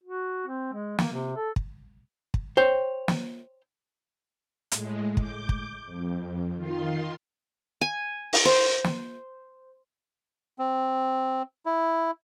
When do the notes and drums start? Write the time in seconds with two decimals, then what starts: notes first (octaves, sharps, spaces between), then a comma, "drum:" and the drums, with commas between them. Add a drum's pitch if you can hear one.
0.04 F#4
0.47 C4
0.73 G#3
0.99 A#3, drum: snare
1.12 C3
1.36 A4
1.56 drum: kick
2.34 drum: kick
2.57 C5 C#5 G5
3.08 drum: snare
4.72 A2 G#3, drum: hi-hat
5.17 D6 G6, drum: kick
5.49 drum: kick
5.86 F2
6.56 D#3 F4 C6
7.81 G#5
8.33 drum: open hi-hat
8.45 C5
8.84 drum: snare
10.59 C4
11.66 E4